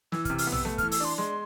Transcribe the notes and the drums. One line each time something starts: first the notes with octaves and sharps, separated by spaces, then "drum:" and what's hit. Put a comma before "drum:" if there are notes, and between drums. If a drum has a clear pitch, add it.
E3 E6, drum: snare
F6, drum: kick, hi-hat
C3
F6, drum: open hi-hat
B3
E6, drum: tom
A3, drum: snare
F6, drum: kick, hi-hat
E3
E6, drum: open hi-hat
D4 C6
G#3 C6, drum: snare